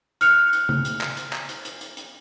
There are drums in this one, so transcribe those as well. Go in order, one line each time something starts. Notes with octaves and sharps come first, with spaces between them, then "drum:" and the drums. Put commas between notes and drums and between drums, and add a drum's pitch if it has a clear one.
F6 F#6 C#7 F7, drum: hi-hat
drum: hi-hat
drum: tom
drum: hi-hat
drum: clap
drum: hi-hat
drum: clap
drum: hi-hat
drum: hi-hat
drum: hi-hat
drum: hi-hat